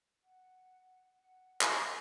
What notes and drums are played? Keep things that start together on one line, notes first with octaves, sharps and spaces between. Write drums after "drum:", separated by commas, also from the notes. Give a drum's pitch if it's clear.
F#5
F#5
drum: clap
A4 E6